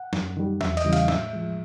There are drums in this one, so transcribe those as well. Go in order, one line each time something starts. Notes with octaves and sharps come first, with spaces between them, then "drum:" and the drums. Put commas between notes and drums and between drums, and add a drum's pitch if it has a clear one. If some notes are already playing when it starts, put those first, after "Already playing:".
Already playing: F#5
F#2, drum: snare
D#3 G3
E2 E5, drum: snare
D#5, drum: cymbal
C#3 E3 G3
F5, drum: cymbal
A2 E5, drum: snare
F3 G#3